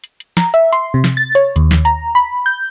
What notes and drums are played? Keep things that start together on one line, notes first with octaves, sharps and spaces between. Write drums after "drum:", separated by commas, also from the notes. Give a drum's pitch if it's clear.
drum: hi-hat
drum: hi-hat
A#5, drum: snare
E5, drum: hi-hat
C6, drum: hi-hat
C3
drum: snare
A6
C#5, drum: hi-hat
D#2, drum: hi-hat
drum: snare
A#5, drum: hi-hat
B5
G6